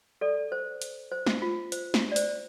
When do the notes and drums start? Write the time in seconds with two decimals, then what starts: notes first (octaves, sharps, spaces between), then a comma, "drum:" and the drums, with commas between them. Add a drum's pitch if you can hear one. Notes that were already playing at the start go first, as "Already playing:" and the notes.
0.21 A4 D5
0.52 C5
0.82 drum: hi-hat
1.12 C5
1.27 drum: snare
1.42 F4
1.72 C5, drum: hi-hat
1.94 drum: snare
2.12 D5
2.16 C5, drum: hi-hat